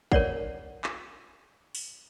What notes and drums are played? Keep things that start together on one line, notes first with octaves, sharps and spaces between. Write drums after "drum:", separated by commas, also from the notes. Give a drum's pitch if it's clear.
A#4 C#5 D5 F#5, drum: kick
drum: clap
drum: open hi-hat